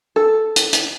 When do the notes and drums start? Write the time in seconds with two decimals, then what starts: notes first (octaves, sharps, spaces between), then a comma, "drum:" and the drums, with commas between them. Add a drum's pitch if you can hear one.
0.16 A4
0.56 drum: hi-hat
0.73 drum: hi-hat